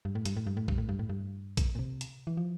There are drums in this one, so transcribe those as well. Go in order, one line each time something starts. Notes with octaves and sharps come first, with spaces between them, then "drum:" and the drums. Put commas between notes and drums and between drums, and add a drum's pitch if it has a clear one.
G2
A2
G2, drum: hi-hat
A2
G2
A2
G2, drum: kick A#1
A2
G2
A2
G2
drum: kick A#1, hi-hat
A#2
C3
drum: hi-hat
E3
F3